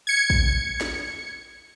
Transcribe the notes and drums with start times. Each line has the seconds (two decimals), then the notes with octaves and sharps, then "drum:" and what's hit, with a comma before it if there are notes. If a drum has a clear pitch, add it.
0.07 G#6 C#7
0.30 drum: kick
0.81 drum: snare